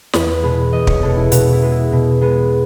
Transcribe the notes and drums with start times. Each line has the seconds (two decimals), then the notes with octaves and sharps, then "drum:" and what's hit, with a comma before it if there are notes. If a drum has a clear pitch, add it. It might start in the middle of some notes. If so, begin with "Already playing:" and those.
0.13 E2 B4, drum: snare
0.43 B2 G#3 B3
0.73 E2 D#5
0.87 C#5, drum: kick
1.02 B2 G#3 B3 A4
1.17 E4
1.32 B2 F#4, drum: hi-hat
1.53 E4
1.62 G#3 B3
1.72 E4
1.93 B2
2.21 G#3 B3